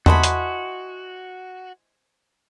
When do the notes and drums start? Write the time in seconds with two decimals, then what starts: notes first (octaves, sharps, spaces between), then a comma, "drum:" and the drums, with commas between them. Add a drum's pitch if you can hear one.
0.06 E4 F#4 A4 C5 D#5 G#5 B5, drum: tom E2
0.23 drum: hi-hat